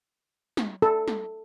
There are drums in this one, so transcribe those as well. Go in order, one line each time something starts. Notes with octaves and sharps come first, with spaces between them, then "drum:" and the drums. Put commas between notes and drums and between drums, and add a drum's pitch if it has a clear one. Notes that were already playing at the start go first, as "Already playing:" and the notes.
drum: snare
A4
drum: snare